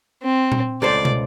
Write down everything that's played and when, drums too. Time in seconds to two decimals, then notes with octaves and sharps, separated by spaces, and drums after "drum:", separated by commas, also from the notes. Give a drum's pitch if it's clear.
0.22 C4
0.52 drum: tom A#2
0.82 C#2 A4 C5 D5
1.05 drum: tom